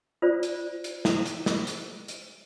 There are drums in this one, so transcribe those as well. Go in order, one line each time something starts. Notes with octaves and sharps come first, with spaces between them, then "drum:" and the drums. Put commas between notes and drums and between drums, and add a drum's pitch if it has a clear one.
F4 C5 D5
drum: hi-hat
drum: hi-hat
drum: snare
drum: hi-hat
drum: snare
drum: hi-hat
drum: hi-hat